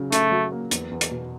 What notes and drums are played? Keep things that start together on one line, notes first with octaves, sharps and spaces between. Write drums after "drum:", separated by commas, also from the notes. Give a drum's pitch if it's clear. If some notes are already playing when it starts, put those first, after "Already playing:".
Already playing: C#3 F#3
C#3 A3, drum: hi-hat
F#3
A#3
E2, drum: hi-hat
E2
drum: hi-hat
B2